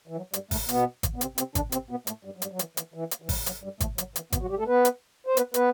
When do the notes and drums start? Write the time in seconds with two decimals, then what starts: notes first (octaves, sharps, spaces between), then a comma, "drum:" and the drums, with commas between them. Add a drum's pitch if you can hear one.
0.07 E3
0.17 F#3
0.33 G2 G3, drum: hi-hat
0.51 A2 A3, drum: kick G#1, open hi-hat
0.69 B2 B3, drum: hi-hat
1.03 drum: kick G#1, hi-hat
1.16 B3
1.21 C3 C4, drum: hi-hat
1.38 C3 C4, drum: hi-hat
1.55 D3 D4, drum: kick G#1, hi-hat
1.72 C3 C4, drum: hi-hat
1.90 B2 B3
2.07 A2 A3, drum: hi-hat
2.25 G2 G3
2.37 F#3
2.42 G2 G3, drum: hi-hat
2.51 F#3
2.59 E3, drum: hi-hat
2.77 E3, drum: hi-hat
2.94 E3
3.11 drum: hi-hat
3.22 E3
3.29 F#3, drum: kick G#1, open hi-hat
3.46 F#3, drum: hi-hat
3.63 G2 G3
3.80 A2 A3, drum: kick G#1, hi-hat
3.98 F#3, drum: hi-hat
4.16 E3, drum: hi-hat
4.32 B2 B3, drum: kick G#1, hi-hat
4.41 F#3 F#4
4.50 G3 G4
4.59 A3 A4
4.67 B3 B4
4.85 drum: hi-hat
5.26 C5
5.37 B3 B4, drum: hi-hat
5.54 B3 B4, drum: hi-hat